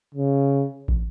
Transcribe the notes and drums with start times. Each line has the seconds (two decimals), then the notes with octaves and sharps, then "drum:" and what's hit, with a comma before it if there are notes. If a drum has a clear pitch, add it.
0.15 C#3
0.88 drum: kick